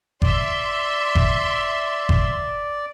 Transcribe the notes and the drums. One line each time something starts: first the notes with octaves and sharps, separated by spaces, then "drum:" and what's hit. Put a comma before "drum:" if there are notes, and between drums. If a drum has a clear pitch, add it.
D5 E5 C6, drum: kick G1
drum: kick G1
drum: kick G1